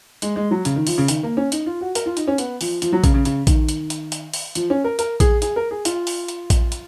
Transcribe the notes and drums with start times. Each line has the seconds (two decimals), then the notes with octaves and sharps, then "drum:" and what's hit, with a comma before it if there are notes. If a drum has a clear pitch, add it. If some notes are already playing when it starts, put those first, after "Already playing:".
0.22 G#3, drum: hi-hat
0.36 G#3
0.51 F#3
0.65 C#3, drum: hi-hat
0.76 D#3
0.87 F3, drum: open hi-hat
0.98 C#3
1.08 D#3, drum: hi-hat
1.23 A#3
1.37 C#4
1.52 D#4, drum: hi-hat
1.66 F4
1.81 F#4
1.95 A#4, drum: hi-hat
2.06 F4
2.17 D#4, drum: hi-hat
2.28 C#4
2.38 B3, drum: hi-hat
2.61 F3, drum: open hi-hat
2.82 F3, drum: hi-hat
2.92 F#3
3.04 C#3, drum: kick A#1, hi-hat
3.14 C#3
3.25 C#3, drum: hi-hat
3.47 D#3, drum: kick A#1, hi-hat
3.69 drum: hi-hat
3.90 drum: hi-hat
4.12 drum: hi-hat
4.34 drum: open hi-hat
4.55 F3, drum: hi-hat
4.70 C#4
4.84 A#4
4.99 A#4, drum: hi-hat
5.20 G#4, drum: kick A#1, hi-hat
5.42 G#4, drum: hi-hat
5.56 A#4
5.71 G#4
5.85 F4, drum: hi-hat
6.07 drum: open hi-hat
6.28 drum: hi-hat
6.50 drum: kick A#1, hi-hat
6.72 drum: hi-hat